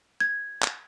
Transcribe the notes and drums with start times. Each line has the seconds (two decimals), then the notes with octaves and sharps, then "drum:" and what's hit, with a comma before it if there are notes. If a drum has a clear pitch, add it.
0.20 G#6
0.63 drum: clap